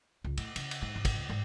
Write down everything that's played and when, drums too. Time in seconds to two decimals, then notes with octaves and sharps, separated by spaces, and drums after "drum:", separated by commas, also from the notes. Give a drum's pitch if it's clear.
0.24 C#2
0.37 A2, drum: cymbal
0.56 C#3, drum: cymbal
0.71 drum: cymbal
0.82 G#2
0.96 G#1
1.05 drum: kick, cymbal
1.15 C#2
1.29 G#2